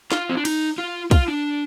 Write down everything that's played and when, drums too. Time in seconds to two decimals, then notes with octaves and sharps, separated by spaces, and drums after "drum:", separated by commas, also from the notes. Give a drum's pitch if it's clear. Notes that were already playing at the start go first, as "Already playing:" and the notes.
0.12 F4, drum: snare
0.29 C4
0.37 D4
0.45 D#4, drum: cymbal
0.78 F4
1.11 F4, drum: kick, cymbal
1.28 D4